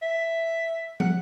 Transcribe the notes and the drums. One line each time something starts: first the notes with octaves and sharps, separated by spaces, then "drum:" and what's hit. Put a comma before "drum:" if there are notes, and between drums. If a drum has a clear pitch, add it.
E5
F#5, drum: tom